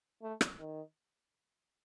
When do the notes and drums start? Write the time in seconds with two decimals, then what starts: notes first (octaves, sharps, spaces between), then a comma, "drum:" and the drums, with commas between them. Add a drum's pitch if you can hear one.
0.22 A3
0.41 drum: rim click
0.59 D#3